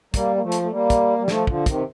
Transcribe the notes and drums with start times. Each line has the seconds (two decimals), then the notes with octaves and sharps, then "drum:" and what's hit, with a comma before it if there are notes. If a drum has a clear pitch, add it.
0.14 G3 A#3, drum: kick, hi-hat
0.36 A#3
0.42 F3 A3
0.52 drum: hi-hat
0.62 A3
0.71 G3 A#3
0.90 drum: kick, hi-hat
1.18 G3
1.28 F3 A3, drum: snare
1.47 D3 F3, drum: kick
1.66 C3 D#3, drum: kick, hi-hat